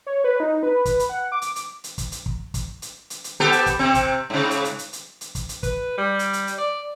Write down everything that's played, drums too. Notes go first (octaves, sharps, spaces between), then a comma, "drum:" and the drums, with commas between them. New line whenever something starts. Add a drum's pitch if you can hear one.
C#5
B4
D#4
B4
drum: kick, hi-hat
drum: hi-hat
F#5
D6
drum: hi-hat
drum: hi-hat
drum: hi-hat
drum: kick, hi-hat
drum: hi-hat
drum: kick
drum: kick, hi-hat
drum: hi-hat
drum: hi-hat
drum: hi-hat
B3 G4 A4
drum: hi-hat
drum: kick, hi-hat
C3 C4
drum: kick, hi-hat
G#2 C#3
drum: hi-hat
drum: hi-hat
drum: hi-hat
drum: hi-hat
drum: hi-hat
drum: kick, hi-hat
drum: hi-hat
B4, drum: kick, hi-hat
G3
drum: hi-hat
drum: hi-hat
drum: hi-hat
D5